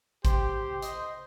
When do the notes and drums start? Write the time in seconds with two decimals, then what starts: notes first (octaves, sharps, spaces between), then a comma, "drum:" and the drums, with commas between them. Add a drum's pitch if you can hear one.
0.25 G4 C5, drum: kick G#1, hi-hat
0.82 D#5, drum: hi-hat